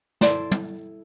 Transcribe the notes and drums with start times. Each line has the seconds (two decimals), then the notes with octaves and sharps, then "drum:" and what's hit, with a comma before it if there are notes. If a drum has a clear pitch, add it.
0.21 E4 A4 C5 D5, drum: snare
0.51 drum: tom